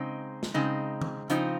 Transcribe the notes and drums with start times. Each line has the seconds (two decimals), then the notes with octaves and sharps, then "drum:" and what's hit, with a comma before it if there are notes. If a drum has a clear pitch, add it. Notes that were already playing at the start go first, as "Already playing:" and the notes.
Already playing: C#3 G#3 C4 D#4
0.43 drum: snare
0.54 C#3 G#3 C4 D#4
1.01 drum: tom D#3
1.30 C#3 F3 C4 D#4, drum: hi-hat